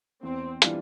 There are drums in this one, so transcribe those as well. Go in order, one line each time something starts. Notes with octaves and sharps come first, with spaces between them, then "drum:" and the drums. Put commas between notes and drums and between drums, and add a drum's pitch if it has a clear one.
E2 C4
E3 G3 D4 F4, drum: hi-hat